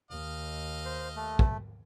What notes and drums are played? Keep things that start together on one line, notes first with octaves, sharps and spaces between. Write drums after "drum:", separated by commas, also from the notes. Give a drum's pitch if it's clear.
D#2 D#5 F5
C5
A3
drum: kick